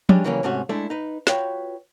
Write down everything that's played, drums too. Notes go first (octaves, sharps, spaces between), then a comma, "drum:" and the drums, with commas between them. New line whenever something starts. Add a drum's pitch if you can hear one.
G3 G#3 C#4 D4 G4, drum: tom F3
C#3 E3 F#3 G3 A#3 C#4
G#2 C3 A3 C#4 F#4
G#3 A3 D4 E4 A4
D#4 B4
F4 F#4 B4 C#5 G5, drum: snare